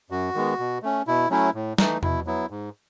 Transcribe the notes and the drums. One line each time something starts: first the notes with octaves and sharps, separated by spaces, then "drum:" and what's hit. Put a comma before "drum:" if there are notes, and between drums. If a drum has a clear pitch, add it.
F#2 F#4
D#3 G#3 B3
B2
A3 C#4
B2 E4
F#3 A3 C#4 E4
A2
E3 A3 D#4, drum: snare
B2 E4, drum: tom E2
F#3 B3 E4
G#2